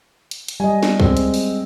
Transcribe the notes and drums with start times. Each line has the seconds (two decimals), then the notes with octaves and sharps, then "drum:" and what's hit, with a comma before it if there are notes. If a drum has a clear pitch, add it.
0.31 drum: hi-hat
0.48 drum: hi-hat
0.60 G3 D#5 G#5
0.83 drum: snare
1.00 G#3 C4, drum: kick
1.17 drum: hi-hat
1.34 drum: open hi-hat